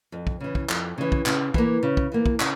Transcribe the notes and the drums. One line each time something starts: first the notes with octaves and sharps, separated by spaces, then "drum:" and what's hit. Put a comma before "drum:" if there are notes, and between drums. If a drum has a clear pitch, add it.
F2
drum: kick
C#3 E3
drum: kick
F2, drum: clap
C#3 E3
drum: kick
C#3, drum: clap
E3 A#3, drum: kick
C#3
drum: kick
E3 A#3
drum: kick
C#3, drum: clap